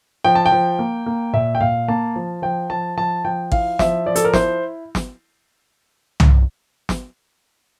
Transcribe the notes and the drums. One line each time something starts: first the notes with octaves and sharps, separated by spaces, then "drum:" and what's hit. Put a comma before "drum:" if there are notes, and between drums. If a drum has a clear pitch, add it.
F3 G5
A5
G5
F3
A#3
A#3
A#2 E5
G5
A#2 F5
A#3 A5
F3
F3 G5
F3 A5
F3 A5
F3 G5
E4 F5, drum: kick A1
F3 E5, drum: snare
F3 D5
A4, drum: hi-hat
A#4
E4 C5, drum: snare
drum: snare
drum: tom C2
drum: snare